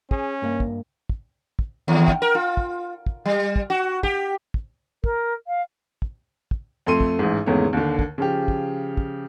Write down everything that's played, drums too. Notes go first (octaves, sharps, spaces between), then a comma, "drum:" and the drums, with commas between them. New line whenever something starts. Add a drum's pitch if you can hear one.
C#4 G#4, drum: kick
G2 A#3
drum: kick
drum: kick
drum: kick
D#2
drum: kick
A#4
F4
drum: kick
drum: kick
G3
drum: kick
F#4
G4, drum: kick
drum: kick
A#4, drum: kick
F5
drum: kick
drum: kick
F2 A3 C6 D#7
drum: kick
A1 G#2
G#1 E2 G#2 C#3 A3 C#5
D#2 D3
drum: kick
C#3 F3 G4
drum: kick
drum: kick